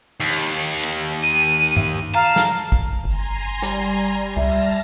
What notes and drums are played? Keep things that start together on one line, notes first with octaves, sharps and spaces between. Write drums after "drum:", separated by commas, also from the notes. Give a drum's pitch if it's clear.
D#2
drum: hi-hat
drum: cymbal
D#7
drum: tom G2
F5 A5 A#5
drum: snare
drum: kick A1
G1 G#5 A#5 C6
G3, drum: hi-hat
C#2 E5 A5 F6 A#6